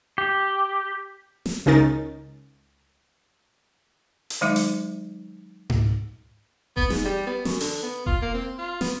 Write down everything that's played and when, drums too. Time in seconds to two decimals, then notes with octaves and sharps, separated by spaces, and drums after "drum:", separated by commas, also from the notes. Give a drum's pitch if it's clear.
0.18 G4
1.46 drum: snare
1.66 C#2 C#4 D#4 A#4 A6
4.30 drum: hi-hat
4.41 D#3 F#3 G#3 D#4 E5 D6
4.56 drum: hi-hat
5.70 drum: tom G#2
6.77 B3, drum: kick E1
6.90 G#2, drum: snare
7.05 G3
7.27 B3
7.45 F#2, drum: snare
7.60 D3, drum: open hi-hat
7.83 B3
8.06 F4, drum: kick E1
8.22 A#3
8.34 C4
8.58 F4
8.81 B3, drum: snare